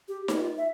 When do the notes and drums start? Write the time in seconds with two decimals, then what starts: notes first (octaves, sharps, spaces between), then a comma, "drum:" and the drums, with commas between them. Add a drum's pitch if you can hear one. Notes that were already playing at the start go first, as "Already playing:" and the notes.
0.08 G4
0.28 drum: snare D#4
0.38 F4
0.58 E5